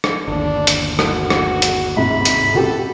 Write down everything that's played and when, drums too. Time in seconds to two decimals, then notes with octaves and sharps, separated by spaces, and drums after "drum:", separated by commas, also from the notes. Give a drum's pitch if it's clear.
0.04 drum: rim click
0.28 G1 D#2 D4
0.67 drum: hi-hat
0.99 F#4, drum: rim click
1.30 drum: rim click
1.62 drum: hi-hat
1.97 G#2 C3 B5
2.25 drum: hi-hat
2.54 C#3 F#4 G4 A4